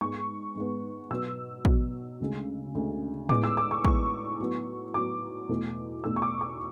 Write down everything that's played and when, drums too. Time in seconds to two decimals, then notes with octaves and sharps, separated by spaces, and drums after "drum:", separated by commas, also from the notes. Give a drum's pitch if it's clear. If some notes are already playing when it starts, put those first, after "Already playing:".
0.01 G#2 G#3 B3 C#6
0.56 G#2 G#3 B3
1.11 B2 F#3 B3 E6
1.65 B2 F#3 B3, drum: kick
2.20 D2 C#3 G#3
2.75 D2 C#3 G#3
3.29 A2 G#3 B3 D6, drum: tom A2
3.44 E6
3.57 D6
3.71 C#6
3.85 A2 G#3 B3 C#6, drum: kick
4.40 A2 F#3 B3
4.94 A2 F#3 B3 D6
5.49 E2 B2 A3
6.04 E2 B2 A3 E6
6.16 C#6
6.22 D6
6.41 D6